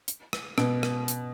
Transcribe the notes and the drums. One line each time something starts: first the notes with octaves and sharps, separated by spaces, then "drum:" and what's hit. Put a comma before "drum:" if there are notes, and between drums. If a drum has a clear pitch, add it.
drum: hi-hat
drum: rim click
B2, drum: rim click
drum: rim click
drum: hi-hat